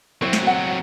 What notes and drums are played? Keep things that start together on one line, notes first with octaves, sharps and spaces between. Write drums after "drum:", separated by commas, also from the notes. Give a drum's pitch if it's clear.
F#3 C4 E4 C5 C#5
drum: snare
F#4 F#5